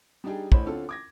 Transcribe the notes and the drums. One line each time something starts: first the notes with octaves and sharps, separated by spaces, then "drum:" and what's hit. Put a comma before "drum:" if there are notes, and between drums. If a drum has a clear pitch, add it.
G3 D4 D#4 G4 G#4 G5
A1 D2 C5 C#5 B5, drum: kick
D3 C4 C#4 F4 A4
D6 G#6 A#6